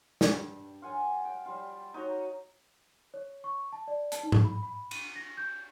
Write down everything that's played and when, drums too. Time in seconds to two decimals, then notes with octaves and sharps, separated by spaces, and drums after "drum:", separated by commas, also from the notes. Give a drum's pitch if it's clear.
0.21 G2, drum: snare
0.82 F4 F#5 G#5
1.25 G5
1.46 G3 F4
1.94 D#4 F#4 C#5 A#5
3.14 C#5
3.44 C#6
3.73 A5
3.88 D5
4.12 A5, drum: hi-hat
4.23 D#4
4.32 drum: tom G#2
4.44 B5
4.63 B5
4.91 D#7, drum: cymbal
5.16 A#6
5.37 G6